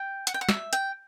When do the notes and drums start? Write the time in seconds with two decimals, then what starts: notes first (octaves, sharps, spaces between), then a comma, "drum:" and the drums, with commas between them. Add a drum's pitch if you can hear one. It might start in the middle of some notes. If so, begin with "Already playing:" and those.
Already playing: G5
0.27 F#5, drum: hi-hat
0.34 G5
0.41 F#5
0.49 E5, drum: snare
0.73 G5, drum: hi-hat